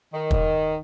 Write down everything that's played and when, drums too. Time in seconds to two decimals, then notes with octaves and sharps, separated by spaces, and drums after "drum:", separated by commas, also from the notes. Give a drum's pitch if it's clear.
0.13 D#3
0.31 drum: kick